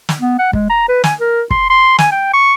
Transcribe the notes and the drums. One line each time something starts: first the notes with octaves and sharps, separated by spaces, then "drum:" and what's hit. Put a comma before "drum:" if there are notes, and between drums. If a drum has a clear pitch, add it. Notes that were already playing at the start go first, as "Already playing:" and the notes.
drum: snare
B3
F#5
G#3, drum: kick
A#5
B4
G#5, drum: snare
A#4
C6, drum: kick
C6
G#5, drum: snare
G5
C#6